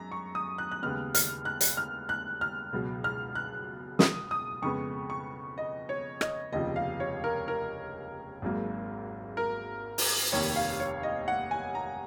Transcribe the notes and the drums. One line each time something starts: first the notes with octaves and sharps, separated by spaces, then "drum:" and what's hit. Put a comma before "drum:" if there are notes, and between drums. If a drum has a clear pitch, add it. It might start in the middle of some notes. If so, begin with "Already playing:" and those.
Already playing: F#2 G#3 A#5
C#6
D#6
F#6
F#6
D#2 C#3 G#3 B3 F6
F6, drum: hi-hat
F#6
drum: hi-hat
F6
F#6
F6
C#2 B2 F#3
F6
F#6
D#6, drum: snare
D#6
F2 C#3 G#3 B3 C#6
C#6
D#5
C#5
D#5, drum: rim click
F1 D#2 C#3 F3 D#5
F5
C#5
A#4
A#4
G#1 G#2 F#3 A#3
A#4
drum: open hi-hat
F1 D#2 D#3 A#3 C#5
F5
C#5
D#5
F#5
G#5
A#5